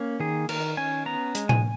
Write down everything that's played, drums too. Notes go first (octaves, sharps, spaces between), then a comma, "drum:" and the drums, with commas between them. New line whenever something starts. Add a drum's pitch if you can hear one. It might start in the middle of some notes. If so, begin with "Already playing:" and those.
Already playing: A#3 C#4
D#3 G#4
D#3 A#4, drum: cymbal
C#4 G#5
B3 A#5
G#3, drum: hi-hat
G#5, drum: tom A2